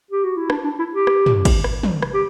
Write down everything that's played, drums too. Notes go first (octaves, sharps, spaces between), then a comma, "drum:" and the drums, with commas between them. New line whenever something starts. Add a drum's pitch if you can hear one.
G4
F#4
E4
D4, drum: rim click
D4
E4
G4
drum: rim click
drum: tom
drum: kick G#1, cymbal
drum: rim click
drum: tom
drum: rim click
G4